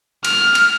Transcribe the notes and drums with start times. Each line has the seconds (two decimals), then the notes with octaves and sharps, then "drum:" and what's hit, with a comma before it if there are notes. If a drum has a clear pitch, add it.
0.25 F6, drum: cymbal
0.55 drum: cymbal